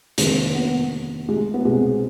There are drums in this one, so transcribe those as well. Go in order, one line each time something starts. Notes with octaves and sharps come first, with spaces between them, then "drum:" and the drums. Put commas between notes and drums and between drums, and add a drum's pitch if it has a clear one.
F1 D#2 D3 G#3 C4, drum: hi-hat
B3
G#3
B3
C2 B2 G#3 C4